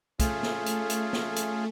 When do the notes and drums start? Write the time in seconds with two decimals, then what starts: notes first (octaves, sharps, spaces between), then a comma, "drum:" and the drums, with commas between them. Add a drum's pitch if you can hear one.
0.20 A3 C#4 F4 G#4, drum: kick, hi-hat
0.43 drum: snare
0.66 drum: hi-hat
0.90 drum: hi-hat
1.13 drum: snare
1.36 drum: hi-hat